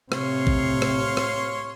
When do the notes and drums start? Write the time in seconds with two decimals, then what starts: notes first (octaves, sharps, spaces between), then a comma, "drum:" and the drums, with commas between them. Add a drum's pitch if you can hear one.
0.12 A2 C3 C#5 F5 C6, drum: rim click
0.47 drum: kick A1
0.82 drum: rim click
1.17 drum: rim click